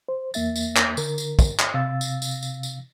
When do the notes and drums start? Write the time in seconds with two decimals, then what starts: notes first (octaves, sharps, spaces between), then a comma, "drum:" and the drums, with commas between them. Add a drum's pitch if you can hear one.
0.09 C5
0.34 E2 A#3 E5 A6, drum: tambourine
0.56 drum: tambourine
0.76 drum: clap
0.97 D3 A#4, drum: tambourine
1.18 drum: tambourine
1.39 drum: kick, tambourine
1.59 drum: clap
1.74 C3 F5 E6 A6
2.01 drum: tambourine
2.22 drum: tambourine
2.42 drum: tambourine
2.63 drum: tambourine